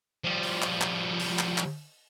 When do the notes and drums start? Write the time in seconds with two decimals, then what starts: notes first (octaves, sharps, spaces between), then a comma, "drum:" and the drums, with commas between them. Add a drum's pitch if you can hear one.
0.24 F3 G3
0.43 drum: open hi-hat
0.62 drum: clap
0.81 drum: clap
1.20 drum: open hi-hat
1.39 drum: clap
1.58 drum: clap